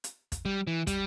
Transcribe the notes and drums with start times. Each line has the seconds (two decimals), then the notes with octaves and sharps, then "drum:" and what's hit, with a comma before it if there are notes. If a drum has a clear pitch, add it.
0.04 drum: hi-hat
0.32 drum: kick, hi-hat
0.45 G3
0.67 E3
0.87 G3, drum: kick, hi-hat